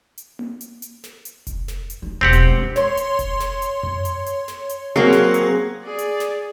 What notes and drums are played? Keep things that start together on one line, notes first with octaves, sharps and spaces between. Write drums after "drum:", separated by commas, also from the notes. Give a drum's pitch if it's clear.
drum: hi-hat
drum: tom A#3
drum: hi-hat
drum: hi-hat
drum: snare
drum: hi-hat
drum: kick F1, hi-hat
drum: snare
drum: hi-hat
D#4
E1 C4 G4 F#5
drum: hi-hat
G#3 D4
C#5 C6, drum: snare
drum: hi-hat
drum: kick F1, hi-hat
drum: snare
drum: hi-hat
drum: tom F2
drum: hi-hat
drum: hi-hat
drum: snare
drum: hi-hat
F#3 A#3 C4 G#4
drum: snare
drum: hi-hat
drum: tom A#3
G#4 D5
drum: hi-hat
drum: snare